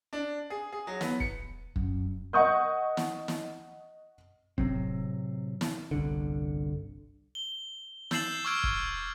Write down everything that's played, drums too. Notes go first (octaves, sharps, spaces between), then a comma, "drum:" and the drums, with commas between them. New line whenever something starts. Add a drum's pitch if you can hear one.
D4
G#4
G#4
F#3
B3, drum: snare
C#7, drum: kick
F#2, drum: kick
D#5 F#5 C#6 D#6 G6
drum: snare
drum: snare
A2 C3 F#3 C4, drum: kick
drum: snare
G1 C2 D3
G7
E6 G6 A6 C7 E7 F#7, drum: snare
C#6 D6 E6 F6 G#6 D7
drum: kick